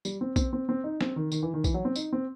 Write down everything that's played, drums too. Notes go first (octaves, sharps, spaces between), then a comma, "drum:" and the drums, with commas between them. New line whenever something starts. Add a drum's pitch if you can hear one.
G3, drum: tambourine
C4
C4, drum: kick, tambourine
C4
C4
D#4
C4, drum: snare
D#3
D#3, drum: tambourine
E3
D#3
E3, drum: kick, tambourine
F#3
C4
D#4, drum: tambourine
C4